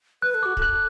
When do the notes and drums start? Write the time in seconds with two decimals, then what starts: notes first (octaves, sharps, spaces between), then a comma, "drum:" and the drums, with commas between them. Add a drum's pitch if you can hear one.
0.22 B4 F#6
0.34 A4
0.43 F#4 D6
0.57 A4, drum: kick
0.62 F#6